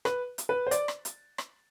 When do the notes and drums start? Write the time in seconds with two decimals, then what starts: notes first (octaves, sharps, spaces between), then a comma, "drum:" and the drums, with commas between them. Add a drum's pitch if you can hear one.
0.05 B4, drum: rim click
0.38 drum: hi-hat
0.49 B4
0.67 C5
0.71 D5, drum: hi-hat
0.88 drum: rim click
1.05 drum: hi-hat
1.38 drum: rim click